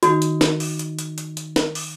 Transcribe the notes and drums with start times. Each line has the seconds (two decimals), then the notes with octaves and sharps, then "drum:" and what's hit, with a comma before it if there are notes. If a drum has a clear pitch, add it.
0.03 D#3 D#4 F#4, drum: hi-hat
0.22 drum: hi-hat
0.41 drum: snare
0.60 drum: open hi-hat
0.79 drum: hi-hat
0.99 drum: hi-hat
1.18 drum: hi-hat
1.37 drum: hi-hat
1.56 drum: snare
1.75 drum: open hi-hat